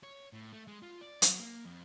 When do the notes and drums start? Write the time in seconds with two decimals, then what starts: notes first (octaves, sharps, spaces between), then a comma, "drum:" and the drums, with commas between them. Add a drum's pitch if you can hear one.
0.03 C#5
0.33 A2
0.52 A3
0.67 G#3
0.83 F4
1.01 D5
1.22 F#3, drum: hi-hat
1.40 A#3
1.65 F2